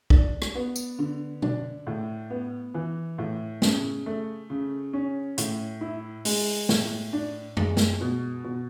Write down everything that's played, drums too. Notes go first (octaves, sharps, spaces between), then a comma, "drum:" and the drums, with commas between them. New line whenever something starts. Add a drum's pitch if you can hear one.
D4, drum: kick
drum: rim click
B3
drum: tambourine
D3
D4, drum: tom B2
A2
B3
E3
A2
C#3, drum: snare
A3
C#3
C#4
A2, drum: hi-hat
E4
G#3, drum: open hi-hat
A2, drum: snare
D4
G#3, drum: tom F#2
drum: snare
B2
B2